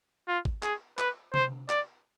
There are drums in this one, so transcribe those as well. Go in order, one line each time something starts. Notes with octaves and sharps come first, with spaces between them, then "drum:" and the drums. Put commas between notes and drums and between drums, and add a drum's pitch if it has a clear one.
F4
drum: kick
G#4, drum: clap
B4, drum: clap
C5, drum: tom C3
D5, drum: clap